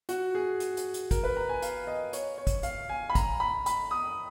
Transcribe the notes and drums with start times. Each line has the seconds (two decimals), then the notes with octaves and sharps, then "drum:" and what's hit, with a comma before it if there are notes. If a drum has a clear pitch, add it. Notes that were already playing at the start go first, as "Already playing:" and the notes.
0.09 F#4, drum: hi-hat
0.35 G#4
0.60 drum: hi-hat
0.77 drum: hi-hat
0.94 drum: hi-hat
1.11 A#4, drum: kick, hi-hat
1.24 B4
1.37 A#5
1.49 G#5
1.62 F5, drum: hi-hat
1.87 D#5
2.13 C#5, drum: hi-hat
2.38 C#5
2.47 drum: kick, hi-hat
2.63 F5, drum: hi-hat
2.89 G#5
3.10 B5
3.15 A#5, drum: kick, hi-hat
3.40 B5
3.66 B5, drum: hi-hat
3.91 D#6